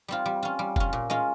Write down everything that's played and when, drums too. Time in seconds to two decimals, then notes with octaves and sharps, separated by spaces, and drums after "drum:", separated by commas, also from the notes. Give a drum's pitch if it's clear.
0.08 G3 C4 F4
0.26 G3
0.43 C#4 F4
0.59 G3
0.76 C#4 F4, drum: kick F1
0.93 A#2
1.10 G#3 C#4 F4